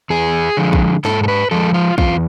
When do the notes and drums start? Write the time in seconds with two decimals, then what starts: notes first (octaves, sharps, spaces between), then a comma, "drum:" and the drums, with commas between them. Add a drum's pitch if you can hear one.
0.10 E2 G#4
0.57 D3 F3 G#3
0.73 drum: kick
1.05 G#2 A4, drum: snare
1.24 A4
1.28 B4
1.51 F3 G#3 A4
1.74 F4
1.98 E2 F4, drum: kick